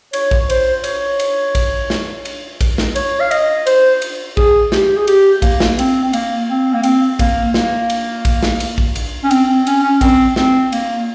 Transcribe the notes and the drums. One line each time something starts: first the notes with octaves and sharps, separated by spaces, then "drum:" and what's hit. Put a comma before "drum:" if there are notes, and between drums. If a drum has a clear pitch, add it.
C#5, drum: cymbal
drum: kick A#1
C5, drum: cymbal
C#5, drum: cymbal
drum: cymbal
drum: kick A#1, cymbal
drum: snare
drum: cymbal
drum: kick A#1, cymbal
drum: snare
C#5, drum: cymbal
F5
D#5, drum: cymbal
C5, drum: cymbal
drum: cymbal
G#4, drum: kick A#1
G4, drum: snare
G#4
G4, drum: cymbal
A#3, drum: kick A#1, cymbal
drum: snare
C4, drum: cymbal
C4
A#3, drum: cymbal
C4
A#3
C4, drum: cymbal
A#3, drum: kick A#1, cymbal
A#3, drum: snare
drum: cymbal
drum: kick A#1, cymbal
drum: snare
drum: cymbal
drum: kick A#1
drum: cymbal
C#4
C4, drum: cymbal
C4
C#4, drum: cymbal
C#4
C4, drum: kick A#1, cymbal
C4, drum: snare
A#3, drum: cymbal